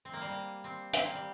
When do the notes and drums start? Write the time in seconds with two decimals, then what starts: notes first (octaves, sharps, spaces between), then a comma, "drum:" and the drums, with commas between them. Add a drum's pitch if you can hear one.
0.05 C4
0.13 A#3
0.21 G3
0.29 A#3
0.64 C4
0.93 C4, drum: hi-hat
1.05 A#3
1.15 G3